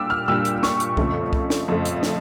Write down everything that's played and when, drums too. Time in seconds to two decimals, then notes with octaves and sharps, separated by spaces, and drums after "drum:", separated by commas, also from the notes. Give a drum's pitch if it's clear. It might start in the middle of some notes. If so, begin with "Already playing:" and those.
Already playing: A#2 G3 D4 D6 E6
0.10 F6
0.28 A#2 G3 D4 E6
0.45 drum: hi-hat
0.63 C#6, drum: snare
0.80 drum: hi-hat
0.97 F2 C#3 F3 A3, drum: kick C2
1.33 drum: kick C2
1.50 drum: snare
1.68 F2 C#3 F3 A3
1.85 drum: hi-hat
2.03 drum: snare